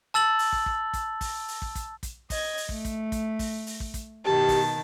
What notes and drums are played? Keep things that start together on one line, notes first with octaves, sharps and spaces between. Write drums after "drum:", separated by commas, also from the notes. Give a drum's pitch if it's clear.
A5 E6 A6 F#7
drum: open hi-hat
drum: kick
drum: kick
drum: kick, hi-hat
drum: kick, open hi-hat
drum: open hi-hat
drum: kick
drum: kick, hi-hat
drum: kick, hi-hat
D#5 G#6, drum: kick, open hi-hat
drum: open hi-hat
A3, drum: kick
drum: kick, hi-hat
drum: kick, hi-hat
drum: kick, open hi-hat
drum: open hi-hat
drum: kick
drum: kick, hi-hat
B2 D#3 G4 A5
drum: kick, open hi-hat